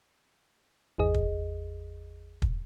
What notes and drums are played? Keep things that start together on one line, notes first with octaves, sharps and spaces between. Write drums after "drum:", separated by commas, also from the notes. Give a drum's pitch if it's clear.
G#1 E2 G#4 D#5
drum: kick
drum: kick